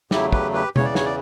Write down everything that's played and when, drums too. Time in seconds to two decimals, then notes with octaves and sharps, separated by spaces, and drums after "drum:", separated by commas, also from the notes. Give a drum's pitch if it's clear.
0.11 E2 C#3 F#3 A3 E4 G4, drum: snare
0.32 G4 B4, drum: kick
0.53 G4 B4
0.76 E2 C#3 E3 C#5, drum: tom B2
0.85 D5
0.95 C#5, drum: snare
1.06 D5